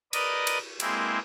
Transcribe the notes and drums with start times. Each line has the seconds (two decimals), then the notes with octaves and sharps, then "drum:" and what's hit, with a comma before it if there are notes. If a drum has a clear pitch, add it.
0.13 A#4 B4 D5 D#5 D#6, drum: cymbal
0.47 drum: cymbal
0.80 G#3 A#3 C4 E4, drum: cymbal